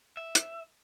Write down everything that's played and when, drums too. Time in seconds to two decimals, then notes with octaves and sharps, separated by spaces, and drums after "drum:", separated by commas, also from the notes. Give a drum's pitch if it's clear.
0.17 E5
0.35 drum: hi-hat